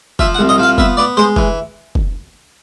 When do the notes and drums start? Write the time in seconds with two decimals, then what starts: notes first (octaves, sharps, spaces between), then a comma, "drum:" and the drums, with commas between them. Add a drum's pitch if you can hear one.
0.19 F3 E5, drum: kick F1
0.35 F#5
0.39 C2
0.49 D#5
0.58 F3
0.63 F5
0.78 B3 E5, drum: kick F1
0.97 B3 D5
1.17 G#3 C5
1.36 E3, drum: kick F1
1.95 drum: kick F1